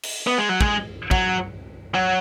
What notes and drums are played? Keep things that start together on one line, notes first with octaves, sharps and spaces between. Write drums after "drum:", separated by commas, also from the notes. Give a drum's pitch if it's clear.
drum: cymbal
B3
G#3
F#3
G#3, drum: kick
F#3, drum: kick
F#3